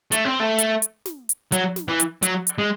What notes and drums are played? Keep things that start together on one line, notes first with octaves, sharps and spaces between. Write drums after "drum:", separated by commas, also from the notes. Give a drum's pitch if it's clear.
A3, drum: hi-hat
C4
A3
drum: hi-hat
drum: hi-hat
drum: snare
drum: hi-hat
F#3, drum: hi-hat
drum: snare
E3
drum: hi-hat
F#3, drum: hi-hat
drum: hi-hat
G#3